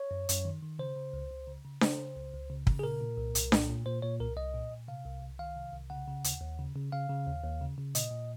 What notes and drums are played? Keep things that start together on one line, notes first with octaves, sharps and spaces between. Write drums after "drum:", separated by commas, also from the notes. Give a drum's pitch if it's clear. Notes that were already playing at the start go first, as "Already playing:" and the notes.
Already playing: C#5
F#2
F#2, drum: hi-hat
D#3
D#3
C#3 C5
C#3
C#2
C#2
C#3
C#3
C#3 C5, drum: snare D4
C#3
C#2
C#2
C#3
C#3, drum: kick
G#4
A#2 A#4
A#2
C2
C2, drum: hi-hat
A#2, drum: snare D4
A#2
A#2 C5
A#2 C#5
C2 A#4
C2 D#5
A#2
A#2
C3 F5
C2
C2
D#3 F5
C3
C2
C#3 F#5
C#3
D#2, drum: hi-hat
D#2
C#3
C#3
C#3 F5
C#3
D#2
D#2
C#3
C#3
A#2 D#5, drum: hi-hat
A#2